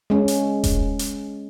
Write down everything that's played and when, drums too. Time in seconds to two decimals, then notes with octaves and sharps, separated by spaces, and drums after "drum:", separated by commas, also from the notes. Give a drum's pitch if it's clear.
0.10 G#3 C#4
0.28 drum: hi-hat
0.64 drum: kick D#1, hi-hat
0.99 drum: hi-hat